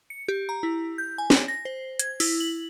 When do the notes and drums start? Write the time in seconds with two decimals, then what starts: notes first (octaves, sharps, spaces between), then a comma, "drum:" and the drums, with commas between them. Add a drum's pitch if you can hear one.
0.10 C#7
0.28 G4
0.49 A#5
0.63 E4
0.98 G6
1.18 G#5
1.30 drum: snare
1.48 A#6
1.65 C5
1.99 G#6, drum: hi-hat
2.20 E4, drum: open hi-hat
2.40 F#7